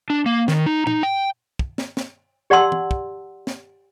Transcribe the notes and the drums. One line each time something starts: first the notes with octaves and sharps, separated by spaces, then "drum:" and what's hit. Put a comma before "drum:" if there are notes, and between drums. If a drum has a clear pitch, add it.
D4
A#3
D#3, drum: snare
D#4
D#4, drum: tom A#2
G5
drum: kick
drum: snare
drum: snare
G4 D5 F#5 A5 C6 E6
drum: tom
drum: kick
drum: snare